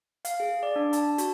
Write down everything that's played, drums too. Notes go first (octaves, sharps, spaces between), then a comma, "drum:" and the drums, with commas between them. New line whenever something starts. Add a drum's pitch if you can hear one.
F5, drum: hi-hat
G#4
D5
D4
A5, drum: hi-hat
F#4, drum: hi-hat